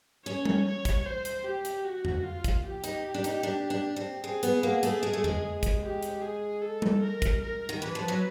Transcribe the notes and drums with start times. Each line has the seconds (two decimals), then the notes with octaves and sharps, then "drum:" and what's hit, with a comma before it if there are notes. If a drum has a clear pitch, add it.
0.25 C#4 C#5
0.45 drum: tom G3
0.66 C#5
0.85 drum: kick, hi-hat
1.06 C5
1.25 drum: hi-hat
1.44 G4
1.65 drum: hi-hat
1.84 F#4
2.05 drum: tom F2
2.24 F4
2.44 drum: kick, hi-hat
2.64 G4
2.84 D#4, drum: hi-hat
3.14 D4
3.24 D#4, drum: hi-hat
3.43 D4
3.70 D4
3.96 C4
4.23 C4 G#4
4.43 B3, drum: hi-hat
4.63 A#3
4.83 A3, drum: hi-hat
5.03 G#3
5.13 A3
5.24 G#3, drum: tom F2
5.63 drum: kick, hi-hat
5.83 G4
6.03 drum: hi-hat
6.22 G#4
6.62 A4
6.82 drum: tom G3
7.02 A#4
7.22 drum: kick, hi-hat
7.42 A#4
7.69 D#3
7.81 E3 B4
7.95 F3
8.08 F#3